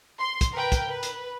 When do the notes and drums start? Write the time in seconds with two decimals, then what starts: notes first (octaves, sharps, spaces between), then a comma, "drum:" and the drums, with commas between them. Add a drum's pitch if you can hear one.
0.19 C6
0.41 drum: kick, hi-hat
0.53 A#4 B4 G5
0.72 drum: kick, hi-hat
0.87 B4
1.03 drum: hi-hat